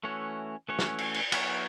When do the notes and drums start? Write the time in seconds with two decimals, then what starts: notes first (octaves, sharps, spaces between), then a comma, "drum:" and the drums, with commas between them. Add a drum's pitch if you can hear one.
0.04 E3 A3 C#4 F#4 C#5
0.69 E3 A3 C#4 F#4 C#5
0.79 drum: snare
0.98 drum: cymbal
1.14 drum: cymbal
1.32 F#3 B3 E4 C#5, drum: cymbal